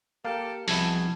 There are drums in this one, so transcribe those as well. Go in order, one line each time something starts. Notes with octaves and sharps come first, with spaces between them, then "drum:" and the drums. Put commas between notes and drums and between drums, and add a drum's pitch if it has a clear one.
A#3 G4 A4 F5
C2 B2 F3 E4 G#4 A5 G#6, drum: open hi-hat